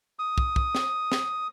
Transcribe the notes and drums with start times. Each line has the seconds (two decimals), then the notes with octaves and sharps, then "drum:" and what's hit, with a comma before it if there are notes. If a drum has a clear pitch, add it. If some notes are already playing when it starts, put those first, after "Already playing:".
0.19 D#6
0.38 drum: kick
0.56 drum: kick
0.75 drum: snare
1.12 drum: snare